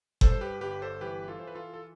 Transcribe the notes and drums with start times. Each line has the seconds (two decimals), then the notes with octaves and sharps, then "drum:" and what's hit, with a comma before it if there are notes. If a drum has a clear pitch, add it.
0.21 G2 A4 C5, drum: kick F#1
0.32 C5
0.41 G4 B4
0.61 G1 G4 B4
0.82 A4 C5
1.01 E3 G4 B4
1.28 F4 A4
1.39 E3 C5
1.47 B4
1.54 F4 A4
1.74 A4